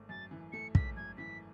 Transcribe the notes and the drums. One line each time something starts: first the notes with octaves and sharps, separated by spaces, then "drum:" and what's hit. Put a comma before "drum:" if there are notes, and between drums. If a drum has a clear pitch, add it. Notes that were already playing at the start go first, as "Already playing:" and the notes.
Already playing: G#1 A3
F#2 A6
E3
A3 C#7
G#1 B6, drum: kick
F#2 G#6
E3 B6